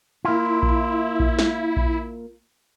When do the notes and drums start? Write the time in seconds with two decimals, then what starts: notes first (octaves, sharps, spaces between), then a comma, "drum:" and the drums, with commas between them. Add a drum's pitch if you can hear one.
0.25 A#3 E4 F4
0.63 drum: kick A#1
1.20 drum: kick A#1
1.39 drum: snare
1.77 drum: kick A#1